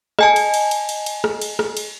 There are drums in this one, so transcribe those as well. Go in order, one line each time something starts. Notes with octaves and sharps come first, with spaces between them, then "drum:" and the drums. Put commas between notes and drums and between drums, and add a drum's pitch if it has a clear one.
D#5 G#5 A5, drum: rim click
drum: cymbal
drum: cymbal
drum: cymbal
drum: cymbal
drum: cymbal
drum: rim click
drum: cymbal
drum: rim click
drum: cymbal